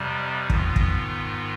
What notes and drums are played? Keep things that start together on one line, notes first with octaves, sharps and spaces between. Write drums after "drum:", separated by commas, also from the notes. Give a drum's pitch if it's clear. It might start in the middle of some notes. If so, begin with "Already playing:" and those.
Already playing: F2 C3 G3
G#2 D#3 B3 F4, drum: kick
drum: kick